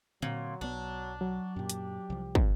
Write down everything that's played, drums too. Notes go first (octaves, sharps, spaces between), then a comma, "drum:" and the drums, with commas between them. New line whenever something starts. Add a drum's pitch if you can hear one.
A#2 D3 F#3 C4
B1 B3 D4
F#3 F#4
F#2 A#2 G4
drum: hi-hat
C2 F3
drum: kick